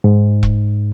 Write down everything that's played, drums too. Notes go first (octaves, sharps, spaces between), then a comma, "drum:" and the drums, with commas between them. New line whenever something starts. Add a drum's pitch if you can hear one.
G#2
drum: kick E1